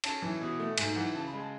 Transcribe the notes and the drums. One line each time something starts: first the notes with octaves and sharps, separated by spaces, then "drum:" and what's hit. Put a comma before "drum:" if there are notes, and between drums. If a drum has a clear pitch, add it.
C#4 A5, drum: cymbal
E3
B2
A3
G#2 G#5, drum: cymbal
E3 F#5
C#3 A5
B5
G#3
A5